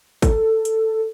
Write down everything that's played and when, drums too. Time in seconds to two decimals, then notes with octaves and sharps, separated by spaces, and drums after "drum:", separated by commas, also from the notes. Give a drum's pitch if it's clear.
0.22 A4, drum: kick, hi-hat
0.65 drum: hi-hat